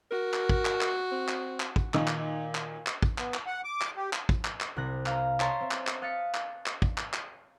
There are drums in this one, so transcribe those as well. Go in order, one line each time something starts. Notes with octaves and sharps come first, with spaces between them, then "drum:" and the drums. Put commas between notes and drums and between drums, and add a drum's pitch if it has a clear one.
F#4 A#4
drum: clap
drum: kick
drum: clap
drum: clap
C4
drum: clap
drum: clap
drum: kick
A#2 D#3 D#4, drum: clap
drum: clap
drum: clap
drum: clap
drum: kick
B3, drum: clap
drum: clap
F#5
D6
drum: clap
G4
drum: clap
drum: kick
drum: clap
drum: clap
C2 C3 F#6 A#6
F5 A#5, drum: clap
C#5 A5 A#5 C6 B6 C7, drum: clap
C4 E5
drum: clap
drum: clap
D#5 F5 F#6 A6 B6 C#7
drum: clap
drum: clap
drum: kick
drum: clap
drum: clap